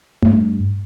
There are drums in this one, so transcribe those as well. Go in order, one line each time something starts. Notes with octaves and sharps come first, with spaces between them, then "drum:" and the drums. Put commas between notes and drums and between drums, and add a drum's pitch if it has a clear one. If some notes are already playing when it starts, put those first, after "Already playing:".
G2, drum: tom A3